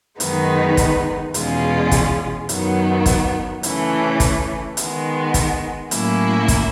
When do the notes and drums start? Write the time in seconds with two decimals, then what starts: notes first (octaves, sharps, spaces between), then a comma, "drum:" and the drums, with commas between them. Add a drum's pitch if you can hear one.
0.20 F#2 D#3 G#3 B3 D#4, drum: hi-hat
0.77 drum: kick, hi-hat
1.34 E2 B2 G#3 C#4 F4, drum: hi-hat
1.91 drum: kick, hi-hat
2.49 F#2 D#3 F#3 B3, drum: hi-hat
3.06 drum: kick, hi-hat
3.63 C#3 E3 A3 C#4, drum: hi-hat
4.20 drum: kick, hi-hat
4.77 D#3 G#3 B3, drum: hi-hat
5.34 drum: kick, hi-hat
5.91 A2 F#3 A#3 C#4 E4, drum: hi-hat
6.48 drum: kick, hi-hat